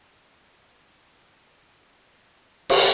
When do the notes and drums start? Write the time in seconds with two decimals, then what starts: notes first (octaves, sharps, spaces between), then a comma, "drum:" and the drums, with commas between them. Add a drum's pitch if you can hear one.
0.22 A#3 E4
2.70 drum: cymbal